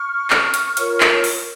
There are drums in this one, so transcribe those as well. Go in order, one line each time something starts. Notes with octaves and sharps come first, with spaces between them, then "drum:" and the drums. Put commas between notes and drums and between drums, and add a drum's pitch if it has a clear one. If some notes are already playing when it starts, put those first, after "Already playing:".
Already playing: C#6 F6
drum: clap
drum: hi-hat
F4 A#4 C#5, drum: hi-hat
drum: clap
drum: open hi-hat